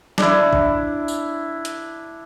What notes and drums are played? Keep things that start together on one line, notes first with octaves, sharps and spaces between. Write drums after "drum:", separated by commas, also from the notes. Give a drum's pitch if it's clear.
D4 E4, drum: snare
drum: kick A1
drum: tambourine
drum: hi-hat